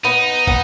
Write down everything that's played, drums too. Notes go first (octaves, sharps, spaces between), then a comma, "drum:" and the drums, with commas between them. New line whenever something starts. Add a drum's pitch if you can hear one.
B3 D#4
B3, drum: kick